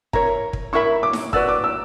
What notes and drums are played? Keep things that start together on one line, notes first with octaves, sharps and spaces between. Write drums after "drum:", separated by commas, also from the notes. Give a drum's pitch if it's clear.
E4 A#4 C#5 A#5, drum: kick
drum: kick
E4 A#4 E5 B5 C#6
D6
drum: snare D#4
F#4 B4 D5 F#5 E6, drum: kick
D6
E6